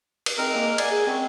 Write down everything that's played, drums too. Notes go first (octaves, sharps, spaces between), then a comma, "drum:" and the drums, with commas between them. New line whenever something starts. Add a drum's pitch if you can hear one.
drum: cymbal
G#3 A3 C4 D#4 A#4
A#3 G#5 A#5 D6
A#4 D5 E5 F#5 G#5, drum: cymbal
G#4
G#3 C4 C#4 C#6